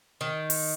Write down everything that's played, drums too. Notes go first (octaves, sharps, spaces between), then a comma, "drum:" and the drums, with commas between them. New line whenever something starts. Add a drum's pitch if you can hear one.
D#3
drum: open hi-hat